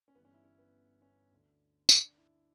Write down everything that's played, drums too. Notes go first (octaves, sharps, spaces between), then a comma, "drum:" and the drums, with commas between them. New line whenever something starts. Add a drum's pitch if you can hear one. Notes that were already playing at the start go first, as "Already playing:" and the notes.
C#4
G1 G2 E3 B3
C#4
E4
C#4
B3
C#4
D2 D3
D4, drum: tambourine
E4